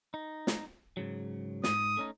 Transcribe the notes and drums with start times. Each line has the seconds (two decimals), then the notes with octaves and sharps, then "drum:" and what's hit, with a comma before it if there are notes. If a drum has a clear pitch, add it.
0.14 D#4
0.47 drum: snare
0.97 G#2 C#3 F#3
1.64 D#2 G#2 D#6, drum: snare
1.97 A3 C#4 D#4